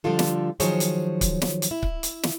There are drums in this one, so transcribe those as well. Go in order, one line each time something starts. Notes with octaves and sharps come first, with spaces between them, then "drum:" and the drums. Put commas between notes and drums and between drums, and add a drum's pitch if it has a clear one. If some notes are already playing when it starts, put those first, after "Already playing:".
D3 F3 G3 F4 A4
drum: snare
D#3 F3 F#3 G#4 C5 C#5, drum: hi-hat
drum: hi-hat
drum: kick C#1, hi-hat
drum: snare
drum: hi-hat
E4
drum: kick C#1
drum: hi-hat
drum: snare